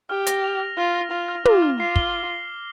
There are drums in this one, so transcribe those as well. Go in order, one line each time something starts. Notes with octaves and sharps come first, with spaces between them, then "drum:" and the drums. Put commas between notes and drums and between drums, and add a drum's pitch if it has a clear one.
G4 F6
A#6, drum: hi-hat
F7
F6
F4 F6
A#6
F4 F7
F6
F4 D6, drum: tom
F6
F4 C7
G7, drum: kick